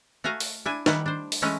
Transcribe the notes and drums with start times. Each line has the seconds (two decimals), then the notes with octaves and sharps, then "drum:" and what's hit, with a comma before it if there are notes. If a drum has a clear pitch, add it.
0.24 A3 F#4 F5 G#5 A#5
0.40 drum: open hi-hat
0.66 D4 E4 G#5
0.86 D#3 G3 A3 E4 F#5, drum: snare
1.06 D4 C5
1.32 drum: open hi-hat
1.42 E3 G#3 A3 C#4 E4 B4